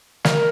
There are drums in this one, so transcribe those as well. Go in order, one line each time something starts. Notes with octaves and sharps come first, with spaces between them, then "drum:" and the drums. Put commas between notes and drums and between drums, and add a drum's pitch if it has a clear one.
A#4, drum: snare